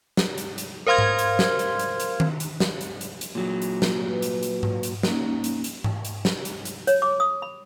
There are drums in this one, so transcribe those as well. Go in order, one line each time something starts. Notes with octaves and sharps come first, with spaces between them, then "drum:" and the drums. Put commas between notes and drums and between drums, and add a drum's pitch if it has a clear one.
drum: snare
drum: hi-hat
drum: hi-hat
A#4 C5 F5 C6 F6 G#6
drum: tom G#2
drum: hi-hat
drum: snare
drum: hi-hat
drum: hi-hat
drum: hi-hat
drum: tom D#3
drum: hi-hat
drum: snare
drum: hi-hat
drum: hi-hat
drum: hi-hat
A#2 F#3
drum: hi-hat
drum: snare
B4
drum: hi-hat
drum: hi-hat
drum: tom G#2
drum: hi-hat
A#3 C#4 D#4, drum: snare
drum: hi-hat
drum: hi-hat
drum: tom G#2
drum: hi-hat
drum: snare
drum: hi-hat
drum: hi-hat
C#5, drum: hi-hat
D6
D#6
B5